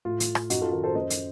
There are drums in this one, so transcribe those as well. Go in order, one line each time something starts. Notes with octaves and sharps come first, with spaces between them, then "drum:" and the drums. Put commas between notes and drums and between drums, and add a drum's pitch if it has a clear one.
A2 F4
drum: hi-hat
drum: rim click
F#2 D#4 F#4, drum: hi-hat
F4 A4
D#3 F#4 A#4
A4 C5
F#2 C5 D#5
drum: hi-hat